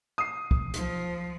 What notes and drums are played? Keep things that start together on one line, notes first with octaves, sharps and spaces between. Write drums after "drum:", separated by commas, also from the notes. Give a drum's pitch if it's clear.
D#6 C7
drum: kick
F3, drum: hi-hat